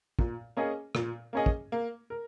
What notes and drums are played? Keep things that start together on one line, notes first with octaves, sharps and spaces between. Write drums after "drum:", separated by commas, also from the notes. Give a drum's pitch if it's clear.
A#2, drum: kick
A#3 C#4 G#4 D#5
A#2, drum: rim click
A#3 C#4 G#4 D#5
drum: kick
A#3
A#4